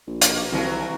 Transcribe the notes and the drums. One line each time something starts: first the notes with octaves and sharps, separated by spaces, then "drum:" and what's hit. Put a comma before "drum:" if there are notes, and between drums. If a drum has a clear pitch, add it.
A#1
B2 A#3 C#5, drum: hi-hat
C2 D#3 E3 F#3